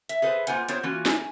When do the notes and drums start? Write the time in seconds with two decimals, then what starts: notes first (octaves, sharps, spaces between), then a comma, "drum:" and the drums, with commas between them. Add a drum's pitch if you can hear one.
0.09 E5, drum: hi-hat
0.22 G#4 A4 B4 C5
0.47 A#3 F4 C5 F#5 G#5, drum: hi-hat
0.69 B3 D4 F4 G4 C5 C#5, drum: hi-hat
0.83 E3 A#3 C#4 F4 F#4
1.06 G#5, drum: snare